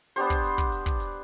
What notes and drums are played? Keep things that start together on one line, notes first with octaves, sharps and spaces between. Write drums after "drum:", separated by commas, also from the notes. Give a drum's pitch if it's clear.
B3 D4 G4 C5, drum: hi-hat
drum: kick, hi-hat
drum: hi-hat
drum: kick, hi-hat
drum: hi-hat
drum: kick, hi-hat
drum: hi-hat